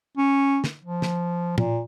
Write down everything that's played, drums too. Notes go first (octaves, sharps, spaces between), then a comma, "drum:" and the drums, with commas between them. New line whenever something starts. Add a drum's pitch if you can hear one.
C#4
drum: snare
F3
drum: snare
A#2, drum: tom A2